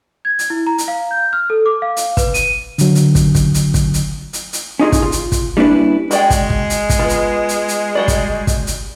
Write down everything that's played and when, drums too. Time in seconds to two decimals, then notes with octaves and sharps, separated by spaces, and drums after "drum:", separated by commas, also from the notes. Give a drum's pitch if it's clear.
0.25 G#6
0.39 drum: hi-hat
0.50 E4
0.67 A#5
0.78 drum: hi-hat
0.88 F5
1.11 G6
1.33 F6
1.50 A4
1.66 D6
1.82 F5
1.97 drum: hi-hat
2.17 B4, drum: kick, hi-hat
2.34 D#7, drum: hi-hat
2.78 D3 F#3, drum: hi-hat
2.95 drum: hi-hat
3.15 drum: kick, hi-hat
3.35 drum: kick, hi-hat
3.54 drum: hi-hat
3.74 drum: kick, hi-hat
3.94 drum: hi-hat
4.33 drum: hi-hat
4.53 drum: hi-hat
4.79 C#4 D#4 F4 G#4
4.92 drum: kick, hi-hat
5.02 F4
5.12 drum: hi-hat
5.32 drum: kick, hi-hat
5.57 G3 A#3 C#4 D4 E4 B4
6.11 G#3 F#4 D5 G5, drum: hi-hat
6.30 drum: kick, hi-hat
6.50 drum: kick
6.70 drum: hi-hat
6.90 drum: kick, hi-hat
6.99 B3 F4
7.09 drum: hi-hat
7.49 drum: hi-hat
7.68 drum: hi-hat
7.95 G3 F#4 D5
8.08 drum: kick, hi-hat
8.47 drum: kick, hi-hat
8.67 drum: hi-hat